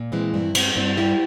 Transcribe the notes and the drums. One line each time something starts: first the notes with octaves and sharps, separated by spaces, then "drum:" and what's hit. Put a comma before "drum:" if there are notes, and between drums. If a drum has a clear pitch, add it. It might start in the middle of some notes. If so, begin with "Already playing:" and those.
Already playing: A#2
E3 G#3 C4
G2 C4 E4
G3 G#3 C4, drum: cymbal
G2 C4 E4
G3 E4 G4